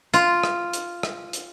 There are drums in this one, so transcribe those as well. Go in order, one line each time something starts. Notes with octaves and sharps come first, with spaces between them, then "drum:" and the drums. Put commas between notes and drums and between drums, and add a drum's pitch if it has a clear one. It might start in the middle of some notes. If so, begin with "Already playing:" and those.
F4, drum: hi-hat
drum: rim click
drum: hi-hat
drum: rim click
drum: hi-hat